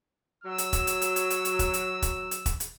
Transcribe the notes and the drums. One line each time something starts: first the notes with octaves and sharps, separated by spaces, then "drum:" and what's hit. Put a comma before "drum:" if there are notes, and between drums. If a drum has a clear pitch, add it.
F#3 E6
drum: hi-hat
drum: kick E1, hi-hat
drum: hi-hat
drum: hi-hat
drum: hi-hat
drum: hi-hat
drum: hi-hat
drum: kick E1, hi-hat
drum: hi-hat
drum: kick E1, hi-hat
drum: hi-hat
drum: kick E1, hi-hat
drum: hi-hat